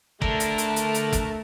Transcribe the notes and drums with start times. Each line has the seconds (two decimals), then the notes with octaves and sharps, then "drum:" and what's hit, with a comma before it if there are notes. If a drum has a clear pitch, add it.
0.22 D3 A3 A#4 A5, drum: kick
0.40 drum: hi-hat
0.58 drum: hi-hat
0.76 drum: hi-hat
0.94 drum: hi-hat
1.13 drum: kick, hi-hat